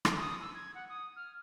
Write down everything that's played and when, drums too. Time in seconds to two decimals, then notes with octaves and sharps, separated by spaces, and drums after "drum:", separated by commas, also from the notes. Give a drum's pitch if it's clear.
0.05 drum: rim click
0.19 D#6
0.41 E6
0.54 G#6
0.75 F#5
0.89 D#6
1.16 F6